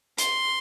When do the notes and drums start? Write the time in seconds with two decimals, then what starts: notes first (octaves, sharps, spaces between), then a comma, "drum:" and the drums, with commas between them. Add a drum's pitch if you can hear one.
0.18 C6, drum: hi-hat